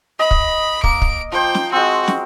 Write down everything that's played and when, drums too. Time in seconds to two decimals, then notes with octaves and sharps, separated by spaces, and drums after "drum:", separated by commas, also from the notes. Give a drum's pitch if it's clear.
0.19 D#5 B5
0.31 drum: kick
0.84 A#3 D7, drum: kick
1.01 drum: kick
1.32 F3 C5 G5
1.55 drum: snare
1.72 G#3 C4 F#4
2.08 drum: snare